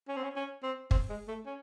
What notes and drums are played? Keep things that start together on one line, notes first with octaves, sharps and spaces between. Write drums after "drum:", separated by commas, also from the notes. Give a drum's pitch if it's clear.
C#4
C4
C#4
C#4
C4
C4, drum: kick
G#3
A3
C#4